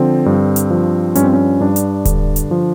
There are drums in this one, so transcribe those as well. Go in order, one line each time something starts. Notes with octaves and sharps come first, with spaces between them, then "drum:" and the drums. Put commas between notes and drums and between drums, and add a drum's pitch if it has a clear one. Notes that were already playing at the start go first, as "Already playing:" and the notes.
Already playing: D3 F3 C4
G2
drum: hi-hat
F3
G2 C#4, drum: hi-hat
C4
C#4
G2 D4
drum: hi-hat
D3, drum: kick D#1, hi-hat
drum: hi-hat
F3